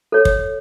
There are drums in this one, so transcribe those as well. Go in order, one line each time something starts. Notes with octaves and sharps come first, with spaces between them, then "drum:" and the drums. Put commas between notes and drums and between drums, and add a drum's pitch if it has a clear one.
A4 C#5
drum: kick